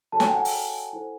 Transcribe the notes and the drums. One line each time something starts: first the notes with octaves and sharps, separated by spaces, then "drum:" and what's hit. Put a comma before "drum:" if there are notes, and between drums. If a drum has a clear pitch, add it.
F#4 A4 C#5 A5
G#5, drum: snare
G5
F#5 G#5
drum: open hi-hat
E4 A4 C5